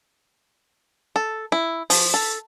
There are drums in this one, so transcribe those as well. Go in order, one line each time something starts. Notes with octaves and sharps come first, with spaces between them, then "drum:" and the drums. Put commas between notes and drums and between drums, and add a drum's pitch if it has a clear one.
A4
E4
F3, drum: open hi-hat
A4